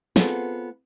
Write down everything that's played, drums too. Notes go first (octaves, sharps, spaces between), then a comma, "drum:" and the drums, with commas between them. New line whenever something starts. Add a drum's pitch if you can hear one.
B3 C4 F4 G#4 A4, drum: snare